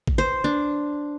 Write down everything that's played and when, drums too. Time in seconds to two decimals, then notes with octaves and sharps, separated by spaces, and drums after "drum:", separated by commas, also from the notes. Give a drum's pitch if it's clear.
0.07 drum: kick G#1
0.18 C5
0.44 D4